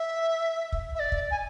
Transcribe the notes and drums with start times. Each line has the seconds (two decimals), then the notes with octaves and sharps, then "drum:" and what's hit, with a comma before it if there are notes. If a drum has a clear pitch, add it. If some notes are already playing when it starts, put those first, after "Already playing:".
Already playing: E5
0.72 drum: kick
0.95 E5
0.99 D5
1.12 drum: kick
1.31 G#5